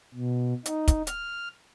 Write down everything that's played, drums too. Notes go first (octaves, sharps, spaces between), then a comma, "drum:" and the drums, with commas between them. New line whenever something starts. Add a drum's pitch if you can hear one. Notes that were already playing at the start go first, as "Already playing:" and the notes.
B2
D#4, drum: hi-hat
drum: kick, hi-hat
F6, drum: hi-hat